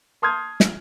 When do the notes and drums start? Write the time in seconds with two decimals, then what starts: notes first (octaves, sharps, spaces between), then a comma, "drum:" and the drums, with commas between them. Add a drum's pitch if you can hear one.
0.22 A5 C6 D#6 F6 G6 G#6
0.60 drum: snare